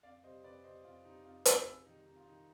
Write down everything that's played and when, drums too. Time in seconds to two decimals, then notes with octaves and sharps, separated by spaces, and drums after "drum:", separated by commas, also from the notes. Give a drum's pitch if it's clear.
0.03 F2 D5 F5
0.23 C3 G3 C5 D#5
0.44 F2 B4 D5
0.64 C3 G3 C5 D#5
0.84 F2 F4
1.05 C3 G3 D#4
1.25 F2 F4
1.45 C3 G3, drum: hi-hat
1.66 C3 F4 G#4
1.85 D#3 G3 D#4
2.06 C3 D#4
2.16 F4
2.26 D#3 G3 D#4